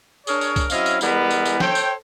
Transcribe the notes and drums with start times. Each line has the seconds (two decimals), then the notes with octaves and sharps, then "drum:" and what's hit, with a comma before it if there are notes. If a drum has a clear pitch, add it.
0.27 D4 G#4 A#4 C#5, drum: tambourine
0.41 drum: tambourine
0.56 drum: kick C2, tambourine
0.70 F#3 C4 C#4 E4 D#5 F5, drum: tambourine
0.86 drum: tambourine
1.01 E3 G3 G#3 B3 E4 A#4, drum: tambourine
1.31 drum: tambourine
1.45 drum: tambourine
1.60 A4 C5 C#5 G5, drum: snare
1.75 drum: tambourine